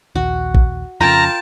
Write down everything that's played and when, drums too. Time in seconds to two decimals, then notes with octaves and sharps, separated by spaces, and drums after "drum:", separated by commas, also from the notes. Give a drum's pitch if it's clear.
0.15 A#1 D#2 F#4
0.55 drum: kick A#1
1.01 F2 C#3 F4 A#4 G5 A5 A#5